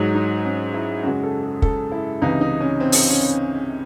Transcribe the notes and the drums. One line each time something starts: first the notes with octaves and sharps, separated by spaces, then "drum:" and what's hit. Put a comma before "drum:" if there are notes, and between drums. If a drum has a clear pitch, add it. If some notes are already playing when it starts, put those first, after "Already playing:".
Already playing: G#2 F#3 D#4
D#4
C#4
E4
F#2 C#3 G#3 F#4
A4
G#4
A4, drum: kick
E4
C#2 C3 E3 D#4
D#4
C#4
C4
drum: open hi-hat
C#4